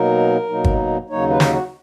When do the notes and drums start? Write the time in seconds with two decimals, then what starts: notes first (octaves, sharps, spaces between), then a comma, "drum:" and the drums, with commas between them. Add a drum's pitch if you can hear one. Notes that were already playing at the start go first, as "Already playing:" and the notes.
Already playing: B2 F#3 A#3 D#4 A#4
0.49 B2 F#3 A#3 D#4
0.64 drum: kick G1
1.10 D#2 C#3 F#3 A#3 D#4 C#5
1.30 B4
1.40 drum: snare
1.49 F#4